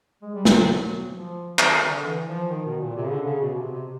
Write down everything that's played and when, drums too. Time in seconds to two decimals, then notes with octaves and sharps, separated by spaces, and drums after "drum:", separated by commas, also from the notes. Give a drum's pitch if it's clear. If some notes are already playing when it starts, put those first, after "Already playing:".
0.22 G#3
0.35 G3
0.45 F3, drum: snare
0.56 F#3
1.13 F3
1.59 D#3, drum: clap
1.89 D3
2.04 E3
2.27 F3
2.50 D#3
2.65 B2
2.80 A#2
2.95 C3
3.04 C#3
3.10 D3
3.25 C#3
3.40 B2
3.55 C3
3.71 C3